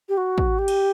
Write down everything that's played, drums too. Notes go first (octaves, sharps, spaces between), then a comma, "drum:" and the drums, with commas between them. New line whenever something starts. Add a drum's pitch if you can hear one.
G4
F#4
drum: kick
G4
drum: cymbal